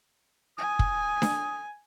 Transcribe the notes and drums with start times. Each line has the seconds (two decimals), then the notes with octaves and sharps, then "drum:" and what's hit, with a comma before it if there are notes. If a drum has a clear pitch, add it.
0.58 G#5 D#6
0.79 drum: kick
1.22 drum: snare D4